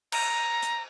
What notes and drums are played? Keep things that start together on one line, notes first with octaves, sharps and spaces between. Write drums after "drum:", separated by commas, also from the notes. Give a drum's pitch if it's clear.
A#5, drum: cymbal
drum: hi-hat